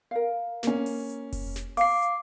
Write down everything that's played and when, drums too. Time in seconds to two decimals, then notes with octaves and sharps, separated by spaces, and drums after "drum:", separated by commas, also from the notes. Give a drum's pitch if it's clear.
0.11 A#4 F5
0.63 A#3 C#4, drum: snare
0.86 drum: open hi-hat
1.09 drum: hi-hat
1.33 drum: kick F1, open hi-hat
1.56 drum: snare
1.77 F5 D6 C7, drum: open hi-hat
2.02 drum: hi-hat